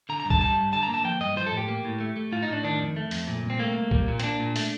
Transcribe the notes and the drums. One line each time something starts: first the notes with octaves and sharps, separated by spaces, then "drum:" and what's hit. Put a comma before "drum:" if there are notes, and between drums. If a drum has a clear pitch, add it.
D3 A#5
A#5
G2
A5, drum: kick B1
G3 A5
G2
D3 A5
A#5
A#3
A5
F3 G5
G2 D#5
F3 C5
A4
A2
G4
A#3
A2
A3
A3
A2 F4
D#4
A2 D4
D#3 D4
F2
A3
F2, drum: open hi-hat
A#2
C2
C4
A3 A#3
C2
G3, drum: kick B1
A#2
C4, drum: hi-hat
A#3 D4
A#2
A3, drum: open hi-hat